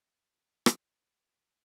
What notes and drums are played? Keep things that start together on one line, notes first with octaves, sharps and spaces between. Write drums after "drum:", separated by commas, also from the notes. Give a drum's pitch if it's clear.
A3 D#4 D#6 A6
drum: rim click
C#2 E3 G3 A3 B3 B6